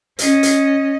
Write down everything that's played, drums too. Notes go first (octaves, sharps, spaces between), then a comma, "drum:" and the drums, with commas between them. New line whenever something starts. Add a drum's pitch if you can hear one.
C#4 D#5, drum: hi-hat
drum: hi-hat